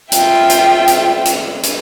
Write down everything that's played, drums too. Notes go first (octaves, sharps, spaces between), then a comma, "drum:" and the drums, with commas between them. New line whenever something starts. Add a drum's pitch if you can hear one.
F4 E5 G5, drum: hi-hat
drum: hi-hat
drum: hi-hat
drum: hi-hat
drum: hi-hat